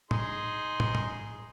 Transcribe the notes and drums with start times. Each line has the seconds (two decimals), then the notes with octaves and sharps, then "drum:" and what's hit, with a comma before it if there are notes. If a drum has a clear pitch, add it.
0.11 D#4 G#4 C6, drum: tom
0.80 drum: tom
0.95 drum: tom